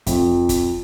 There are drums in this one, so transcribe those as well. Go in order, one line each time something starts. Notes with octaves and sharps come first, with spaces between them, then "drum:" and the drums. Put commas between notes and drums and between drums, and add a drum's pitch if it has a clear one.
F2, drum: kick F#1, hi-hat
drum: kick F#1, hi-hat